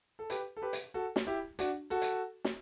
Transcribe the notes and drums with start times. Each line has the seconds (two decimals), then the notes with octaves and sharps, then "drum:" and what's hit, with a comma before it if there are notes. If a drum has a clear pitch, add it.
0.19 A4
0.30 G4 B4, drum: hi-hat
0.57 A4
0.62 G4 B4
0.73 drum: hi-hat
0.94 F#4 A4
1.16 drum: snare
1.27 E4 G4
1.59 D4 F#4, drum: hi-hat
1.90 F#4 A4
2.02 drum: hi-hat
2.44 drum: snare